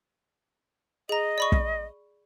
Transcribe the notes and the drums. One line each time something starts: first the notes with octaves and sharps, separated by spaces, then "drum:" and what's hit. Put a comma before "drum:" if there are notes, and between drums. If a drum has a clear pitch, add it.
G#4 D#5 A#5
D5 B5 C#6
drum: kick